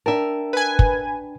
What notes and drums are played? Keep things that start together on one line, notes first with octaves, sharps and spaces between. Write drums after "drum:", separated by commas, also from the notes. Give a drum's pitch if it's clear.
D4 A#4 E5 G5 A5
B4 G#5
drum: kick